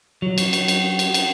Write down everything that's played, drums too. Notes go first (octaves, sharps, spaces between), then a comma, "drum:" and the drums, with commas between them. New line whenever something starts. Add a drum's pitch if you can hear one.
F#3
drum: cymbal
drum: cymbal
drum: cymbal
drum: cymbal
drum: cymbal